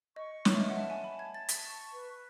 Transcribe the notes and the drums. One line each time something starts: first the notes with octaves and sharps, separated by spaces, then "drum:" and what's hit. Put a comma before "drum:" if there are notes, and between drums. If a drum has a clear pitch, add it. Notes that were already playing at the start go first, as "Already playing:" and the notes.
D#5 C#6
B4 C#5, drum: snare
E5
D#5
F#5
E5 A5
G#5
A5 B5
G#6
A5 A6
B6, drum: hi-hat
C#6 A6
B4